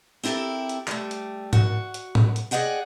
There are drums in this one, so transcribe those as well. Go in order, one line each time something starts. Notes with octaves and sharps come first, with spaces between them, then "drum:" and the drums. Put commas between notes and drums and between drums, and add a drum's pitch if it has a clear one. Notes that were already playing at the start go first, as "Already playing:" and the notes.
C4 E4 G4 A4 A#4
drum: hi-hat
G3 A3, drum: clap
drum: hi-hat
F#4, drum: tom G#2
drum: hi-hat
drum: tom A2
drum: hi-hat
G#4 D5 D#5 F#5 G5